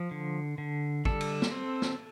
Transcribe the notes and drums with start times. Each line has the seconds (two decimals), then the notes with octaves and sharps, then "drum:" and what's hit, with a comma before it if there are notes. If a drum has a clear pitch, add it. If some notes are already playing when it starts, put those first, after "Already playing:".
Already playing: F3
0.11 D3
0.58 D3
1.05 G3 A4, drum: kick
1.21 drum: cymbal
1.42 drum: snare
1.51 C4
1.82 drum: snare